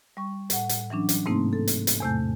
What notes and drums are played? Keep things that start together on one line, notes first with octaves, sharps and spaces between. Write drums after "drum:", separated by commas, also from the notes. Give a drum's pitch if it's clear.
G3 C#6
A2 F#5, drum: hi-hat
drum: hi-hat
E3 F#3 C#4 D4
drum: hi-hat
G#2 C3 A3 A#3 C4 D#4
A4
drum: hi-hat
drum: hi-hat
E2 A2 C3 A3 G#5 G6